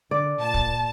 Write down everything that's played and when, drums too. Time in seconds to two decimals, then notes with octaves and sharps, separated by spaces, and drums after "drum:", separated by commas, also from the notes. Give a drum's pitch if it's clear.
0.11 D3 D5
0.40 A#2 A5
0.54 drum: kick